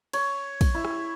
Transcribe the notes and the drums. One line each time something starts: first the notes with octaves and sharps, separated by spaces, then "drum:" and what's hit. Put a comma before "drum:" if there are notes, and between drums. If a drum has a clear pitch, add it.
C#5, drum: cymbal
drum: kick, cymbal
E4
drum: rim click